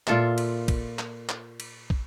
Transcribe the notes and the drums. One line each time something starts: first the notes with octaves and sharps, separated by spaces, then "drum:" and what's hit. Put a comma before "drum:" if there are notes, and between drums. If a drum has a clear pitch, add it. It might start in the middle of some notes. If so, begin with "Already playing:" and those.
A#2 F4 A4 E5, drum: clap
drum: cymbal
drum: kick, cymbal
drum: clap
drum: clap
drum: cymbal
drum: kick